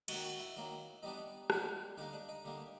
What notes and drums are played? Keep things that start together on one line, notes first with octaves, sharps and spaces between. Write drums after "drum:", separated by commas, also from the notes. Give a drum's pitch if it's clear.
D#3 F#3 A#3 F#4, drum: cymbal
F#4
E4
D#3 F#3 A#3
E3 G3 B3 D4 D#4
E3 G3 B3 D4, drum: rim click
D3 G3 A#3 D#4
D4
D#4
D3 G3 A#3